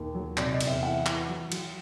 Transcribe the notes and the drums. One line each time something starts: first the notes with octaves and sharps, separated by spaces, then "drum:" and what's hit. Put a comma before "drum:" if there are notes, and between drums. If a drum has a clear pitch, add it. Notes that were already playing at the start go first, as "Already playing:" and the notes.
Already playing: D#2
F#3
C3 D5, drum: clap
D#5
E2, drum: cymbal
E5
E3 F#5
E3, drum: clap
F#3
F#3, drum: cymbal